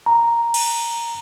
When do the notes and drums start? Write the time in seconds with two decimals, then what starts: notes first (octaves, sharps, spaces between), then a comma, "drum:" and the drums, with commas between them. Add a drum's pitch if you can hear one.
0.06 A#5
0.54 drum: cymbal